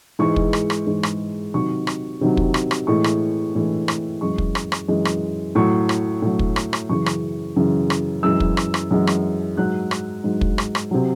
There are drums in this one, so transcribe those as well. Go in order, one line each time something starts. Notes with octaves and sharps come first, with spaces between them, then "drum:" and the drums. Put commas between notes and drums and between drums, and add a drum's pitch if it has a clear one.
G#2 E3 G#3 C#6
drum: kick
drum: rim click
drum: rim click
G#2 E3 G#3
drum: rim click
C3 D#3 F#3 C#6
drum: rim click
C3 D#3 F#3
drum: kick
drum: rim click
drum: rim click
A2 E3 G#3 C#6
drum: rim click
A2 E3 G#3
drum: rim click
F#2 E3 G#3 C#6
drum: kick
drum: rim click
drum: rim click
F#2 E3 G#3
drum: rim click
A2 F#3 C#6
drum: rim click
A2 F#3
drum: kick
drum: rim click
drum: rim click
F#2 C#3 E3 C#6
drum: rim click
F#2 C#3 E3
drum: rim click
F#2 E3 G#3 E6
drum: kick
drum: rim click
drum: rim click
F#2 E3 G#3
drum: rim click
G#2 F#3 F#6
drum: rim click
G#2 F#3
drum: kick
drum: rim click
drum: rim click
C3 F#3